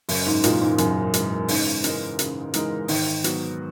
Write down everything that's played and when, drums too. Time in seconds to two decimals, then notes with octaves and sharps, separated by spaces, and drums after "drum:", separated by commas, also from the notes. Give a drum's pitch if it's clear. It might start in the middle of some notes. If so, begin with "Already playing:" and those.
0.09 F#2 C#3, drum: open hi-hat
0.26 G#2
0.44 A#2 E3 G#3 D#4 A#4, drum: hi-hat
0.61 G#2
0.78 F#2 C#3, drum: hi-hat
1.14 E3 G#3 D#4 A#4, drum: hi-hat
1.48 G#2 C#3, drum: open hi-hat
1.84 E3 G#3 D#4 A#4, drum: hi-hat
2.19 C#3, drum: hi-hat
2.54 E3 G#3 D#4 A#4, drum: hi-hat
2.88 G#2 D#3, drum: open hi-hat
3.24 F#3 B3 F#4, drum: hi-hat